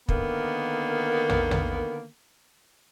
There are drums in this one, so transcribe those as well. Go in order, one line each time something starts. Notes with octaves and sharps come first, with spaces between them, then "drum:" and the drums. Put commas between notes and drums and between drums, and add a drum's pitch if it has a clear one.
D3 D#3 A#3 B3, drum: kick
drum: tom
drum: tom